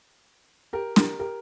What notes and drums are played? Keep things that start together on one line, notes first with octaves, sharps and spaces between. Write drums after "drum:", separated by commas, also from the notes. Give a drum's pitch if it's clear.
G4 A#4
G4 A#4, drum: snare
G4 A#4